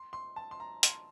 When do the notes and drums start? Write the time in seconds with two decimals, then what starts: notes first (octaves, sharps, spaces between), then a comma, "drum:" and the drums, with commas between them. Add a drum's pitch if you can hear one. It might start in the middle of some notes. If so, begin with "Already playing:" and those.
Already playing: C6
0.13 C6
0.36 A5
0.51 C6
0.60 A#5
0.83 C6, drum: hi-hat